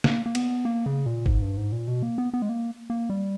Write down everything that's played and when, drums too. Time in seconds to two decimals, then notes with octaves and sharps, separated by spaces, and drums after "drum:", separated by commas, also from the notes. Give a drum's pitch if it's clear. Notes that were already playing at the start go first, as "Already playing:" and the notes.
0.04 A#3, drum: snare
0.26 A#3
0.35 B3, drum: cymbal
0.65 A#3
0.86 C#3
1.06 A#2
1.26 G#2, drum: kick
1.42 G2
1.57 G#2
1.72 A#2
1.88 B2
2.03 A#3
2.18 B3
2.34 B3
2.42 G#3
2.49 A#3
2.90 A#3
3.10 G3